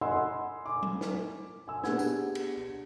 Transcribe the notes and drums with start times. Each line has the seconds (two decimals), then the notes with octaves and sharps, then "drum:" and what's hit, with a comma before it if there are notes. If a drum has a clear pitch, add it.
0.01 D#5 F#5 G#5 B5 C6 E6
0.66 G#5 D6
0.83 drum: tom F#3
1.01 drum: snare
1.68 G#5 E6
1.84 B3 D4 G4 G#4 F#5 G#6, drum: snare
1.99 drum: tambourine
2.35 drum: cymbal